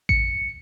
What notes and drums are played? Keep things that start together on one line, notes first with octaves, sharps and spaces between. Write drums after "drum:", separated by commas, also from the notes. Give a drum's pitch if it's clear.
C#7, drum: kick A1